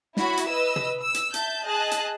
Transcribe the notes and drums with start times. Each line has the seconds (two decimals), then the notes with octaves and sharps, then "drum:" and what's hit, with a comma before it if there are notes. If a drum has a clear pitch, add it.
0.17 E4 F#4 C#5 B5, drum: snare
0.37 drum: hi-hat
0.48 B4 D#5 E6
0.76 drum: tom
1.00 E6
1.14 drum: hi-hat
1.34 E5 A5 G6, drum: hi-hat
1.65 G#4 D#5 A5 F#6
1.91 drum: hi-hat